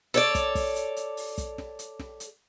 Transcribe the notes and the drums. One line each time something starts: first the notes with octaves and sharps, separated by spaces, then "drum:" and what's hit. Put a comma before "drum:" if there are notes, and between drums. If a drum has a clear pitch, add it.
A4 C#5 D5, drum: hi-hat
drum: kick, hi-hat
drum: kick, open hi-hat
drum: hi-hat
drum: hi-hat
drum: open hi-hat
drum: kick, hi-hat
drum: snare
drum: hi-hat
drum: snare
drum: hi-hat